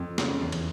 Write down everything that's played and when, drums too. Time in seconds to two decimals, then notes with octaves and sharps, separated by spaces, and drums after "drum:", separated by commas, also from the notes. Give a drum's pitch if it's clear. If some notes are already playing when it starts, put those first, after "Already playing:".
Already playing: F2
0.18 C#3, drum: snare
0.40 E2
0.52 drum: cymbal